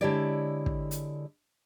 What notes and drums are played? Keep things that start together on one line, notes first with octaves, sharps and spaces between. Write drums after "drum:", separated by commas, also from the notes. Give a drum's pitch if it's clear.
D3 G#3 E4 G4 C#5 D5
drum: kick
drum: hi-hat